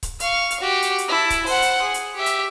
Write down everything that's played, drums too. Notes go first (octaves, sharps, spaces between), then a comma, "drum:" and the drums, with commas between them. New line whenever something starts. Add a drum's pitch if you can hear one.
drum: kick C#1, hi-hat
F5 C#6, drum: hi-hat
drum: hi-hat
F#4 G4
drum: hi-hat
drum: hi-hat
E4 A5
drum: kick C#1, hi-hat
C5 F#5, drum: open hi-hat
drum: hi-hat
G#4
drum: hi-hat
G4 E5
drum: hi-hat